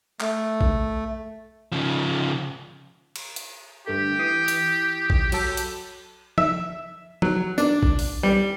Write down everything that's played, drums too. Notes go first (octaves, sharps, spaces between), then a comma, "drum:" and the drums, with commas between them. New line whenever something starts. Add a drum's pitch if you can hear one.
A3, drum: clap
drum: kick A#1
C#3 F3
drum: cymbal
drum: hi-hat
G2 D3 A3 G4
E3 D#6 C7
drum: hi-hat
drum: kick A#1
F#3 A4, drum: cymbal
drum: hi-hat
E5, drum: tom F3
F#3, drum: tom F3
D4, drum: tambourine
drum: kick A#1
drum: open hi-hat
G3